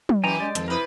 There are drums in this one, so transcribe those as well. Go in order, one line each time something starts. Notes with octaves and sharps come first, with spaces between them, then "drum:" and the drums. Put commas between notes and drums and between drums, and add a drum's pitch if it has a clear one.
drum: tom
F#2 E3 D#4 G4 G5 G#5 A#5
G#3 D5
F2 D#3 A4, drum: hi-hat
C3 E4 A#4 B4 D#6